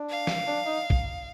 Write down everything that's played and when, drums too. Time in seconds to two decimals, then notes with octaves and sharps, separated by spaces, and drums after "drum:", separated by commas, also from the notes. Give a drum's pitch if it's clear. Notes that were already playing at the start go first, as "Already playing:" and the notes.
Already playing: D4
0.10 F5
0.27 drum: snare
0.47 D4
0.66 D#4
0.90 drum: kick